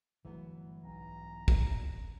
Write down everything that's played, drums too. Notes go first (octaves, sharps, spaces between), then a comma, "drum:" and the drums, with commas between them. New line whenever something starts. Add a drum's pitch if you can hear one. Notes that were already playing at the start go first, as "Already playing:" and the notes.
G1 E3 F#3 A3 B3
B1 G#2 A#5
drum: kick